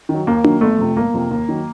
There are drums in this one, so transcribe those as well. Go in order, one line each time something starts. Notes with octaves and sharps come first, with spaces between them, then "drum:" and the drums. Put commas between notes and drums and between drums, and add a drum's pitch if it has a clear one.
D#3
F#3
D#2 A#3
D#3 F#3, drum: tom D4
G1 A3
F2 C3
G1 A#3
F2 C3
D#2
D#3 F#3